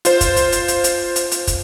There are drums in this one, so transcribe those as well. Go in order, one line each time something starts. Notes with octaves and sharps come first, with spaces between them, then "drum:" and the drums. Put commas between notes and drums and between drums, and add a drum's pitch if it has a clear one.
F4 C5, drum: hi-hat
drum: kick, hi-hat
drum: hi-hat
drum: hi-hat
drum: hi-hat
drum: hi-hat
drum: hi-hat
drum: hi-hat
drum: kick, hi-hat